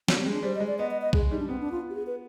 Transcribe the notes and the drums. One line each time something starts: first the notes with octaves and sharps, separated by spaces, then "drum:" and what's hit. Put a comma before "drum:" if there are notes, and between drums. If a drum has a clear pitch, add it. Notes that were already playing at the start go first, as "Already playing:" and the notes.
G3 B3, drum: snare
C4
G#3
D4
G3 C5
D#5
G#3
D5
B3 D#5
D#5
D#5
G#3 G#4, drum: kick B1
G3 D#4
D4
B3 C4
D4
F4
G4
G#4
B4